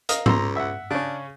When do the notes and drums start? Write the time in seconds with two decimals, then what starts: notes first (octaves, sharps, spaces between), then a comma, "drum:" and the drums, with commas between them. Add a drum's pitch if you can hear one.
0.09 A#4 D#5 F5, drum: hi-hat
0.26 C#2 A#5 C6 E6, drum: tom G#2
0.56 E5 F#5
0.91 C#3 C#4 D4